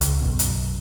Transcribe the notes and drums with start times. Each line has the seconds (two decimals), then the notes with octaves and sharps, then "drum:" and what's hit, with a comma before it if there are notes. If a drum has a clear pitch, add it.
0.01 C#2, drum: hi-hat
0.21 B1 F#2 B2
0.39 drum: hi-hat